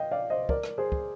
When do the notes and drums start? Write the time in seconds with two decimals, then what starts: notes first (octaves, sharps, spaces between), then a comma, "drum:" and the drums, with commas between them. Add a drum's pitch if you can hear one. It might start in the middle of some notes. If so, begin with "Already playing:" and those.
Already playing: D#5 F5 G5
0.11 D5 F5
0.30 C5 D#5
0.49 A#4 D5, drum: kick
0.63 drum: rim click
0.78 G#4 C5
0.92 drum: kick